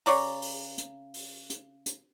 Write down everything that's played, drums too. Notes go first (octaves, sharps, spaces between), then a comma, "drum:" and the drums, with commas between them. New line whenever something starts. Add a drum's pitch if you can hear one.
C#3 C#5 D5 A#5, drum: open hi-hat
drum: open hi-hat
drum: hi-hat
drum: open hi-hat
drum: hi-hat
drum: hi-hat